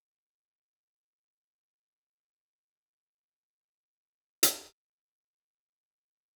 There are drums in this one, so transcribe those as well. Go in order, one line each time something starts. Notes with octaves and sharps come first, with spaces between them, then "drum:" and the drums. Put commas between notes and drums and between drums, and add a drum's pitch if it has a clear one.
A#4
G4
A4
C5
G4
A4
G4
A4
G4
A4
G4
F#4
G4
A4
F#4
F#4
drum: hi-hat
G4
A4
A#4
A4
G4
A4
D5